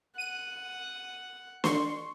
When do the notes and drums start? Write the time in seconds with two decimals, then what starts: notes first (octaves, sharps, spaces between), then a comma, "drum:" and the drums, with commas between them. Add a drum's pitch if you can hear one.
0.18 F#5 D#7
1.64 C6 C#6, drum: snare